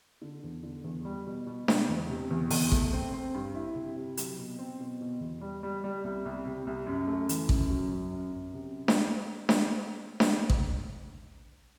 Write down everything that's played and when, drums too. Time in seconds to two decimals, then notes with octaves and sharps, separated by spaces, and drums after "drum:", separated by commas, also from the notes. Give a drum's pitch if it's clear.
0.22 D3
0.44 E2
0.63 D3
0.84 E2
1.05 G3
1.27 B2
1.46 B2
1.68 B2, drum: snare D4
1.89 E2
2.09 C3
2.31 E2
2.51 E2, drum: open hi-hat
2.72 A3, drum: kick A1
2.93 C4
3.14 C4
3.34 G2
3.55 E4
3.75 C3
3.96 C3
4.17 F#3, drum: hi-hat
4.38 B2
4.59 C4
4.80 B2
5.01 B2
5.20 E2
5.41 G3
5.63 G3
5.84 G3
6.04 C2
6.25 C2
6.46 C3
6.67 C2
6.87 F#2
7.07 A3
7.29 E3, drum: hi-hat
7.49 F#2, drum: kick A1
7.70 F#3
7.91 F#2
8.12 F#2
8.32 F#2
8.54 C3
8.88 drum: snare D4
9.49 drum: snare D4
10.20 drum: snare D4
10.50 drum: kick A1